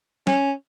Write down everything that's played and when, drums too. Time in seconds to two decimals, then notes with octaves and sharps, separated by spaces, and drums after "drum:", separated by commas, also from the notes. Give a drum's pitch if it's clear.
0.27 C#4, drum: snare